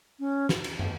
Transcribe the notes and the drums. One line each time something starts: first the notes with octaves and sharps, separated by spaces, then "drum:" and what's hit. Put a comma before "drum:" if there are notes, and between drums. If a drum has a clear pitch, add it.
C#4
drum: snare
drum: cymbal
drum: tom